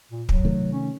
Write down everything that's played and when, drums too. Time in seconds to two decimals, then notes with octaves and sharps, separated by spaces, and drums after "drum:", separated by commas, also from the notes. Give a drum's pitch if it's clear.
0.12 A#2
0.29 F#3, drum: kick
0.45 C3 D#3 A3
0.73 C#4